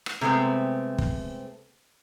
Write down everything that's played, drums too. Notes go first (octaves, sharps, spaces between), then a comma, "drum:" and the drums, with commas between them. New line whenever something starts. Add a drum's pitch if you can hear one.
drum: rim click
C3 G#3 A3 B3 C4
drum: kick